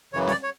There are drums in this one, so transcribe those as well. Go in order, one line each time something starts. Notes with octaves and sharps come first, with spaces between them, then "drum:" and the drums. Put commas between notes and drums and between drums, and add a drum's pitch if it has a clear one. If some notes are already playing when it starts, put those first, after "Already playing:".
F#2 C#3 E3 C#5
C#5, drum: snare
D5
C#5